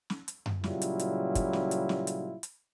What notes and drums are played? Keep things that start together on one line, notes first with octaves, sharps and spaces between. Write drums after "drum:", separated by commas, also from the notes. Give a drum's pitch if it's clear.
drum: snare
drum: hi-hat
drum: tom F#2
A#2 C#3 F#3 G3 E4 F4, drum: snare
drum: hi-hat
drum: hi-hat
drum: kick, hi-hat
drum: snare
drum: hi-hat
drum: snare
drum: hi-hat
drum: hi-hat